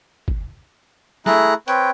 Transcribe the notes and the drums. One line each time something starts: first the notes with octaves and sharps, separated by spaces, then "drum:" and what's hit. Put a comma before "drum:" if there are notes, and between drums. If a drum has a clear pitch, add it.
drum: kick G1
A3 E4 G#4 A#5 F#6, drum: snare
C4 B4 C#5 G5, drum: hi-hat